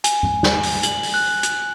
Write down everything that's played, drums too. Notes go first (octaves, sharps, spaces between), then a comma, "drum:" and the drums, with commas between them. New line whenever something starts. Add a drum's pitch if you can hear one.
G#5, drum: hi-hat
drum: tom G#2
drum: snare
drum: open hi-hat
F#7, drum: hi-hat
drum: open hi-hat
F#6
drum: hi-hat